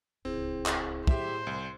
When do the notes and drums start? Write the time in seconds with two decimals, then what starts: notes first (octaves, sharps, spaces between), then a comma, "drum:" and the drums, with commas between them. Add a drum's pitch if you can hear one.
0.25 D1 C#2 C4 E4 G#4
0.66 drum: clap
1.07 A2 G4 C5 E5, drum: kick
1.47 C2